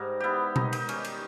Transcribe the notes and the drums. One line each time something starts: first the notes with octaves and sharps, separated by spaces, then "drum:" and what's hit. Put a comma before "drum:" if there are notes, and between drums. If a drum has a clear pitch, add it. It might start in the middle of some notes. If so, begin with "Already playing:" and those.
Already playing: G#2 G3 A#4
B3 E4 G4
D#3 D#4, drum: tom B2
D#4, drum: cymbal
G3 C#4, drum: cymbal
drum: cymbal